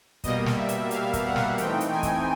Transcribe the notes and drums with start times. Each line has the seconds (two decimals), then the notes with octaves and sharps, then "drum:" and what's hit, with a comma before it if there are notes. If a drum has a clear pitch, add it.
0.24 B2 G3 A#3 D#5, drum: kick, hi-hat
0.46 drum: snare
0.57 E5
0.69 drum: hi-hat
0.91 F5, drum: hi-hat
1.13 drum: kick, hi-hat
1.24 F#5
1.36 drum: snare
1.58 E3 A3 C4 D#4 G5, drum: hi-hat
1.80 drum: hi-hat
1.92 G#5
2.03 drum: kick, hi-hat